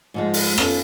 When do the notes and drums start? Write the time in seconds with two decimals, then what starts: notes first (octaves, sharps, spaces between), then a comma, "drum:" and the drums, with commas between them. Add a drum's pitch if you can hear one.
0.14 G#2 F3 G#3
0.34 drum: open hi-hat
0.58 B3 C#4 F4 A4, drum: rim click